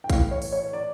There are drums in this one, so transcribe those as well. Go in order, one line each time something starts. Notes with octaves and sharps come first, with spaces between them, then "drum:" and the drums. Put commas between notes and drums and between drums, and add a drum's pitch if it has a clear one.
G5
A2 E3 F5, drum: kick A#1, hi-hat
C#5
drum: open hi-hat
C#5
D5